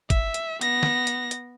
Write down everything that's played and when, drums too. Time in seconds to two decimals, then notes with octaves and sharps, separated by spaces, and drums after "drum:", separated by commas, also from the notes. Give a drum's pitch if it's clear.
0.10 E5, drum: kick, hi-hat
0.34 drum: hi-hat
0.61 B3 A#6, drum: hi-hat
0.83 drum: snare
1.07 drum: hi-hat
1.31 drum: hi-hat